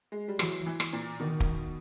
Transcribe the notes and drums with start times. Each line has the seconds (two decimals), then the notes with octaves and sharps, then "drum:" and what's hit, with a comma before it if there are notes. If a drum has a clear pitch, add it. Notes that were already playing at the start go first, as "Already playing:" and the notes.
0.12 G#3
0.28 G3
0.39 E3 F#3, drum: rim click
0.66 E3
0.80 drum: rim click
0.93 A#2
1.20 B2 D#3
1.40 drum: kick